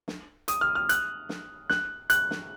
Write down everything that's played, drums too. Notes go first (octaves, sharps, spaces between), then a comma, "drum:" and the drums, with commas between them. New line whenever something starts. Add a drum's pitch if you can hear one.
drum: snare
D#6, drum: hi-hat
F6
F6
F#6, drum: hi-hat
drum: snare
F#6, drum: snare
F#6, drum: hi-hat
drum: snare